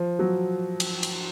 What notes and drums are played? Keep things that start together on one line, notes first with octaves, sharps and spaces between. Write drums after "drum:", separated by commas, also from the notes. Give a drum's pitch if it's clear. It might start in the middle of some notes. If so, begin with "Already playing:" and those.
Already playing: F3
F#3
drum: cymbal
drum: cymbal